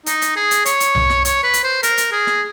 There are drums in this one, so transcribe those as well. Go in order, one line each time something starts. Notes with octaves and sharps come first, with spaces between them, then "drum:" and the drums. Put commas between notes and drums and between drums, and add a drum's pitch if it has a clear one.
D#4, drum: hi-hat
drum: hi-hat
G#4
drum: hi-hat
C#5, drum: hi-hat
drum: hi-hat
drum: tom B1
drum: snare
C#5, drum: hi-hat
B4
drum: hi-hat
C5
A#4, drum: hi-hat
drum: hi-hat
G#4
drum: snare